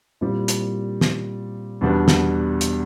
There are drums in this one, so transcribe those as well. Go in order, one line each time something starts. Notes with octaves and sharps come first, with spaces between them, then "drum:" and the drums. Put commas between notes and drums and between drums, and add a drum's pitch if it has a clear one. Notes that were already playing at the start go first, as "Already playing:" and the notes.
A#2 G3 C4 E4
drum: hi-hat
drum: snare
E2 B2 G3 B3 D4
drum: snare
drum: hi-hat